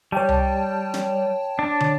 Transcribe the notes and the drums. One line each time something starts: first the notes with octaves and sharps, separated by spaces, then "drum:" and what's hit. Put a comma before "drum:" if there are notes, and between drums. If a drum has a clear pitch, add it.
G3 C#5 G5 A5
drum: tom C2
drum: snare
D4
drum: tom